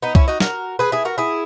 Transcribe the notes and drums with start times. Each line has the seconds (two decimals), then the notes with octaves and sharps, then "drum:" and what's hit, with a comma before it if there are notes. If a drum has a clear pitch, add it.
0.02 B3 D#4
0.15 C#4 E4, drum: kick C2
0.28 D#4 F#4
0.40 F#4 A#4, drum: snare
0.79 G#4 B4
0.92 E4 G#4
1.05 F#4 A#4
1.18 E4 G#4